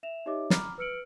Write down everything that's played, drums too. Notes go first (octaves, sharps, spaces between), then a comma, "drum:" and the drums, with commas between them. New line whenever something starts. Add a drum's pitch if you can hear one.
E5 E7 F7
D#4 G4 C#5 D#5 E5 D6
A#5 B5 D6 F6, drum: snare
B4 E6 F6 C#7 D7 F#7